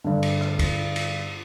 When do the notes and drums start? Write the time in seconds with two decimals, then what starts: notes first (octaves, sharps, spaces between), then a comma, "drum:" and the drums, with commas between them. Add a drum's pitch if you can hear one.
0.04 G2 D3
0.23 drum: cymbal
0.41 drum: rim click
0.59 drum: kick, cymbal
0.96 drum: cymbal